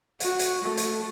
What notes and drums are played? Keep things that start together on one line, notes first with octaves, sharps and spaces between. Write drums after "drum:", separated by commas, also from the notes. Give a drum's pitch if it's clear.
F#4, drum: hi-hat
drum: hi-hat
A3
drum: hi-hat